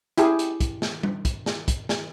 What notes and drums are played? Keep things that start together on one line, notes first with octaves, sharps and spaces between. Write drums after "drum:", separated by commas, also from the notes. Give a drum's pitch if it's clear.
E4 G4 G#4, drum: hi-hat
drum: hi-hat
drum: kick, hi-hat
drum: snare
drum: tom G3
drum: kick, hi-hat
drum: snare
drum: kick, hi-hat
drum: snare